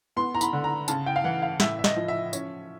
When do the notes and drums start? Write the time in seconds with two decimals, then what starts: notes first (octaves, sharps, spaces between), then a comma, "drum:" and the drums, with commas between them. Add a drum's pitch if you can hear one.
0.16 B3 C6
0.35 A#5
0.41 B5, drum: tambourine
0.53 D3
0.64 A#5
0.88 C#3 A5, drum: tambourine
1.06 G5
1.16 F5
1.24 E3 F#5
1.42 F5
1.60 A2 E5, drum: snare
1.79 E5
1.84 D#5, drum: snare
1.96 F3
2.08 E5
2.33 C#4, drum: tambourine